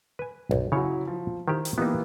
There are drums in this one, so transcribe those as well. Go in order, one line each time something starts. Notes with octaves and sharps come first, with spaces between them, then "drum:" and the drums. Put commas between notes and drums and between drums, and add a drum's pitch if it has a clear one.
B4 G#5
B1, drum: tom F#2
C#3 F#3 E4 C#5
F3
D#3 E4 G4 C5
drum: hi-hat
E3 A#3 B3 D#4 G4